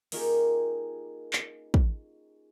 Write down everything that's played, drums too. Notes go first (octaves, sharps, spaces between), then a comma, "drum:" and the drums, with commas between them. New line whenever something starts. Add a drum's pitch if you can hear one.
A#3 C#4 D#4 F4 G4 G#4, drum: open hi-hat
drum: clap
drum: kick